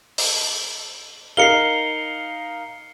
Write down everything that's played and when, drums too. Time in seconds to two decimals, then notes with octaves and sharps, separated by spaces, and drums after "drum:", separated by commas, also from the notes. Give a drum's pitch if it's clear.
0.18 drum: open hi-hat
1.37 D#4 A#4 F5 C7 C#7 G7